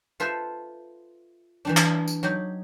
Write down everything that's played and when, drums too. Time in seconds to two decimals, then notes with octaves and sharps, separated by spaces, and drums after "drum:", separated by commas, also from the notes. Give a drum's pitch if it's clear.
0.20 F4 A4 B4 C5 E5
1.65 E3 G3 D4
1.77 drum: clap
2.08 drum: tambourine
2.23 F#3 D#4 G4 D#5